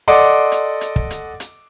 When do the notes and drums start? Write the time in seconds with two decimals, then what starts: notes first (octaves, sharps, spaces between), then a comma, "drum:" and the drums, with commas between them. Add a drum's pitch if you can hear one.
0.08 A4 D5 D#5 F#5 C6 D6
0.52 drum: hi-hat
0.81 drum: hi-hat
0.96 drum: kick
1.11 drum: hi-hat
1.40 drum: hi-hat